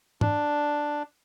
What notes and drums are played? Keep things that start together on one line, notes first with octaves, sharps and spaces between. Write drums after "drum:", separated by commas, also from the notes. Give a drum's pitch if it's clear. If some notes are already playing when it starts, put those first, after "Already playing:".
D4, drum: tom